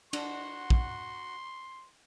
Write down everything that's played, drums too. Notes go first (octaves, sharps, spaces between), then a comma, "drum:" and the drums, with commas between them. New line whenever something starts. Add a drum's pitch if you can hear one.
D4 F#4 F#5 C6, drum: cymbal
drum: kick